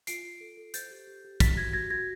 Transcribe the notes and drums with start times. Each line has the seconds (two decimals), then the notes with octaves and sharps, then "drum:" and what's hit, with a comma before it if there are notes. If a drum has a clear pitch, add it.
0.07 F4 C7 D7, drum: hi-hat
0.25 F4
0.41 A4
0.57 A4
0.74 C5 G6 A6, drum: hi-hat
0.91 G4
1.07 G4
1.25 G4
1.40 F#4 A6 B6, drum: kick, hi-hat
1.57 F#4 G#6 A#6
1.73 F#4 G#6 A#6
1.90 F#4 G#6 A#6